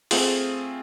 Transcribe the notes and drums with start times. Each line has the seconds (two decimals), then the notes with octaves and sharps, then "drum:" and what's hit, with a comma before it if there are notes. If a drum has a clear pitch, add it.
0.11 A3 C4 F4 G#4, drum: open hi-hat